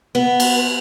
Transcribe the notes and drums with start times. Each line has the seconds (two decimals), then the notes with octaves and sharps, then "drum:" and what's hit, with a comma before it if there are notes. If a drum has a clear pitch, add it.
0.15 B3
0.40 drum: cymbal